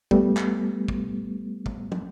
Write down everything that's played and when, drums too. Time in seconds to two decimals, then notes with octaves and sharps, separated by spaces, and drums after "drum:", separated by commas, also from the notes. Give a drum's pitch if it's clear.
0.11 G3 A3 B3, drum: kick
0.37 drum: clap
0.88 drum: kick
1.66 drum: kick
1.92 drum: tom